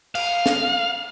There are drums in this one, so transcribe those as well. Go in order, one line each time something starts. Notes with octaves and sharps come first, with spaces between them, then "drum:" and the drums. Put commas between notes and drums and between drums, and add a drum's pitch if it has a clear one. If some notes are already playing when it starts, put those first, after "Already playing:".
F5, drum: cymbal
drum: snare